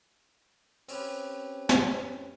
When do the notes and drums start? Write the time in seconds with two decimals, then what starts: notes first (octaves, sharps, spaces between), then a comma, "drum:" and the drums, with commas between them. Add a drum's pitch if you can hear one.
0.88 C4 C#4 G4 B4, drum: open hi-hat
1.69 drum: snare